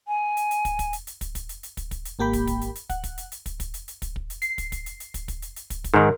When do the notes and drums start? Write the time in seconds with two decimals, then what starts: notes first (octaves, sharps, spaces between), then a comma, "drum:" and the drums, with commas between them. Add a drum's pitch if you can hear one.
0.08 G#5
0.37 drum: hi-hat
0.51 drum: hi-hat
0.65 drum: kick, hi-hat
0.79 drum: kick, hi-hat
0.93 drum: hi-hat
1.07 drum: hi-hat
1.21 drum: kick, hi-hat
1.35 drum: kick, hi-hat
1.49 drum: hi-hat
1.63 drum: hi-hat
1.77 drum: kick, hi-hat
1.91 drum: kick, hi-hat
2.05 drum: hi-hat
2.19 G#1 A#3 G4 G5 B5
2.33 drum: kick, hi-hat
2.47 drum: kick, hi-hat
2.61 drum: hi-hat
2.75 drum: hi-hat
2.89 F#5, drum: kick, hi-hat
3.04 drum: kick, hi-hat
3.18 drum: hi-hat
3.32 drum: hi-hat
3.46 drum: kick, hi-hat
3.60 drum: kick, hi-hat
3.74 drum: hi-hat
3.88 drum: hi-hat
4.02 drum: kick, hi-hat
4.16 drum: kick
4.30 drum: hi-hat
4.42 C7, drum: hi-hat
4.58 drum: kick, hi-hat
4.72 drum: kick, hi-hat
4.86 drum: hi-hat
5.00 drum: hi-hat
5.14 drum: kick, hi-hat
5.28 drum: kick, hi-hat
5.42 drum: hi-hat
5.56 drum: hi-hat
5.70 drum: kick, hi-hat
5.84 drum: kick, hi-hat
5.94 G#2 D#3 A#4